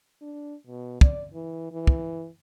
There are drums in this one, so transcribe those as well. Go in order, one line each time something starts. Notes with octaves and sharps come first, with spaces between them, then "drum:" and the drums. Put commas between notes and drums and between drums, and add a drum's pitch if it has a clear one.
D4
B2
D5, drum: kick
E3
E3
drum: kick